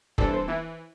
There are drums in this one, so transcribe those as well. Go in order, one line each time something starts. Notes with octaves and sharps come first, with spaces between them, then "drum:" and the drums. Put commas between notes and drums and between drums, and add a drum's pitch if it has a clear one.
G2 E3 C4 A4 D5, drum: kick
C5
E3 E4